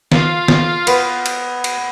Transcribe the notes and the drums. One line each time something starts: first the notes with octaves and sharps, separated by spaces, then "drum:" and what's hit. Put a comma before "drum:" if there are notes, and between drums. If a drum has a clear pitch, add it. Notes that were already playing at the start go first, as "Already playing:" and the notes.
F4 F5, drum: snare
drum: snare
B3 B4, drum: cymbal
drum: cymbal
drum: cymbal